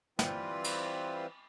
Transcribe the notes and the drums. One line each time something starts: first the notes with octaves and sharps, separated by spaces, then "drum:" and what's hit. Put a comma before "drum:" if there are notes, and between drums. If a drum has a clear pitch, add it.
E3 G3 C4 F4 B4, drum: snare
drum: cymbal